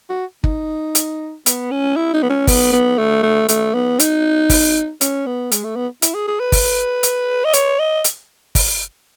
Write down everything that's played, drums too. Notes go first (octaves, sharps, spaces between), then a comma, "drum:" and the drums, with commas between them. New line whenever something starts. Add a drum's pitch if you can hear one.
F#4
D#4, drum: kick
drum: hi-hat
B3, drum: hi-hat
C#4
E4
D#4
B3
C#4
B3, drum: kick, open hi-hat
B3
A3
A3
A3, drum: hi-hat
B3
D#4, drum: hi-hat
drum: kick, open hi-hat
C#4, drum: hi-hat
B3
G#3, drum: hi-hat
A3
B3
E4, drum: hi-hat
G#4
G#4
B4
drum: kick, open hi-hat
drum: hi-hat
D#5
C#5, drum: hi-hat
D#5
drum: hi-hat
drum: kick, open hi-hat